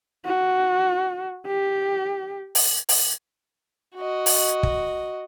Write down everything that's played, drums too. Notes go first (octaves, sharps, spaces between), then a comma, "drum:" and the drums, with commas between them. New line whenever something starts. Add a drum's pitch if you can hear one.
F#4
G4
drum: open hi-hat
drum: open hi-hat
F#4 D#5
drum: open hi-hat
drum: kick